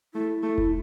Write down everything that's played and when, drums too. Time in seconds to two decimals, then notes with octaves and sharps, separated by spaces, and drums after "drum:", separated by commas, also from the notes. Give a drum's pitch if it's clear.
0.14 A3 E4
0.43 A3
0.58 drum: kick F1